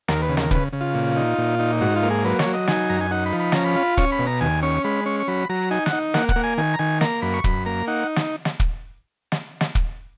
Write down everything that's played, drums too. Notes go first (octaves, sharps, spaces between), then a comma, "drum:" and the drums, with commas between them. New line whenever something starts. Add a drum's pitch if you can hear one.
D#2 A#4, drum: snare
B4
C#3
A#4, drum: snare
C#3 B4, drum: kick
C#3
F4
A#2
D#4
A#2
D#4
G#2 F#4
F4
A#3
G#4
F#3 B4
C#5, drum: snare
F#3
D#5
D#4 G#5, drum: snare
F#2 A#5
G#5
D#4 F#5
B5
F3
B5
C#4 A#5, drum: snare
B5
F4
C#4 C#6, drum: kick
B5
B2
A#5
D#2 G#5
C#4 C#6
G#3 B5
C#4 C#6
C#6
F#3 B5
F#3 A#5
D#4 G#5
F#5, drum: snare
D#4
A#3 F#5, drum: snare
F#5, drum: kick
A#3
G#5
D#3 G#5
A#5
D#3 G#5
A#3 A#5, drum: snare
F#2 B5
C#6
F#2 B5, drum: kick
A#3 A#5
D#4 F#5
drum: snare
drum: snare
drum: kick
drum: snare
drum: snare
drum: kick